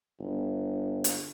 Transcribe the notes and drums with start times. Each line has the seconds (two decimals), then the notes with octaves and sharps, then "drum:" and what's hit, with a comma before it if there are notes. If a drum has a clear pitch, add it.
0.19 G1
1.04 drum: hi-hat